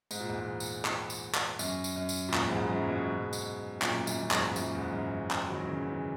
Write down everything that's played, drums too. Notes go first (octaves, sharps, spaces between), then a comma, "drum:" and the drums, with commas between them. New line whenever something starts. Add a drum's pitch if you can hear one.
G#2, drum: tambourine
A#2
E2 G#2
drum: tambourine
drum: clap
drum: tambourine
drum: clap
F#2, drum: tambourine
drum: tambourine
F#2
drum: tambourine
A#2
E2 G#2, drum: clap
E2 G#2
F#2 A#2
G#2 B2
drum: tambourine
F#2 A#2, drum: clap
F#2, drum: tambourine
F#2
E2 G#2, drum: clap
F#2 A#2, drum: tambourine
E2 G#2
F#2
F#2
drum: clap
D#3 F#3
C#3 E3
C#3 E3